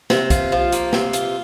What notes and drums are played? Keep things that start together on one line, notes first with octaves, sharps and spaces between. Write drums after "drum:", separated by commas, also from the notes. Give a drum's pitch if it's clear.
C3, drum: snare
F4, drum: kick, hi-hat
F3
A#3, drum: hi-hat
C3, drum: snare
F4, drum: hi-hat